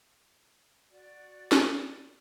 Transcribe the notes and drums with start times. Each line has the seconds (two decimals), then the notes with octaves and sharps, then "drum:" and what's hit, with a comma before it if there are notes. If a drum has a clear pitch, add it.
0.89 F#4 D5
1.52 drum: snare